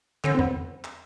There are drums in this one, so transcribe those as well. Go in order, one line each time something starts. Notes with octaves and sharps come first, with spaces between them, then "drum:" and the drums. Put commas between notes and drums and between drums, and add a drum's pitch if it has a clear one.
D3 C#4, drum: clap
C4
B3, drum: tom E2
drum: clap